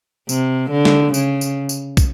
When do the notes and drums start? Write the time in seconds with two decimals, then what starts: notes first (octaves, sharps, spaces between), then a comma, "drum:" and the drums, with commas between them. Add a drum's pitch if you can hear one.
0.29 C3, drum: tambourine
0.71 D3
0.85 drum: snare
1.14 C#3, drum: tambourine
1.41 drum: tambourine
1.69 drum: tambourine
1.97 drum: kick, tambourine